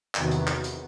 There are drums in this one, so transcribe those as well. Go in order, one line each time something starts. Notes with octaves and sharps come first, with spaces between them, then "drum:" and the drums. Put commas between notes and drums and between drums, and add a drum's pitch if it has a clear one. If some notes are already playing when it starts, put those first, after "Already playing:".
E2 C3 D#3 F#3 B3, drum: clap
drum: hi-hat
drum: clap
drum: hi-hat